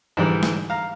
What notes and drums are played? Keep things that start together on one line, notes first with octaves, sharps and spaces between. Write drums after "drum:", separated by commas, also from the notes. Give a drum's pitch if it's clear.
G#2 D3 E3 G3
drum: snare
F5 A#5